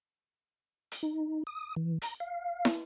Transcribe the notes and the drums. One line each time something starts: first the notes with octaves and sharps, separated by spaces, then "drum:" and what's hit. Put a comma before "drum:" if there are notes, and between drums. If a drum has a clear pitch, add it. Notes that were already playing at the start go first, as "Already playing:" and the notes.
drum: hi-hat
D#4
D#6
E3
A#5, drum: hi-hat
F5
drum: snare